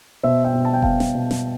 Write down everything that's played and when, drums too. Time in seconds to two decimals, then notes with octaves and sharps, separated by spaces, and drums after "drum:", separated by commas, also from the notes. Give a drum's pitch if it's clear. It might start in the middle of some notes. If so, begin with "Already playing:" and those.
0.23 B2 C5 E5
0.44 E5 G5
0.54 B2
0.65 A5
0.74 G5
0.82 B2 F5 A5, drum: kick F1
1.00 drum: snare
1.15 B2
1.31 drum: snare